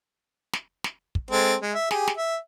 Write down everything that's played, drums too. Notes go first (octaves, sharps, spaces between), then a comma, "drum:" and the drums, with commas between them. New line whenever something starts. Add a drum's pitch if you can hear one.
drum: snare
drum: snare
drum: kick
G#3 C4 A4
G#3
E5
G4 G#4, drum: snare
drum: snare
E5